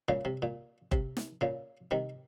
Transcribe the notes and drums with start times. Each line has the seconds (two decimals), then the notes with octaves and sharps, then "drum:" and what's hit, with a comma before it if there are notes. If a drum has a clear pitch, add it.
0.09 A#2 C#3
0.25 C3
0.42 A#2
0.92 C3, drum: kick F#1
1.17 drum: snare
1.41 A#2 C#3
1.91 C3 D#3